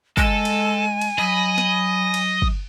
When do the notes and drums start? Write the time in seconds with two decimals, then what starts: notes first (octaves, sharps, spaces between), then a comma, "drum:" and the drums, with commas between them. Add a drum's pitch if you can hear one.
0.17 G#3 A4 G#5, drum: kick
0.45 drum: cymbal
1.01 drum: cymbal
1.19 F#3 D#5 B5
1.58 drum: snare
2.14 drum: cymbal
2.42 drum: kick